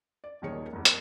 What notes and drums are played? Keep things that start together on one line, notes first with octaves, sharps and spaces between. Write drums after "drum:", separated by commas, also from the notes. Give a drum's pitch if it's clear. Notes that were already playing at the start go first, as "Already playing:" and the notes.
D5
D#1 A#2 D#3 G#4 C#5 C#7
F1 E2
A#4, drum: hi-hat